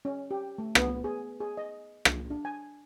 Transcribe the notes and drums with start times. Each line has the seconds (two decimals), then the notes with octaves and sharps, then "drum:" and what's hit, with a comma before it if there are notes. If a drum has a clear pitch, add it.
0.05 C#4
0.31 G4
0.58 A3
0.75 B3, drum: rim click
1.04 G#4
1.40 G#4
1.57 D#5
2.05 drum: rim click
2.30 D4
2.45 G#5